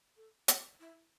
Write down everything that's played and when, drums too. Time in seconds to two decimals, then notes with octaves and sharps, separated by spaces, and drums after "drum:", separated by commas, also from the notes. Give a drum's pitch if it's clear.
0.17 A4
0.48 F#4, drum: hi-hat
0.80 E4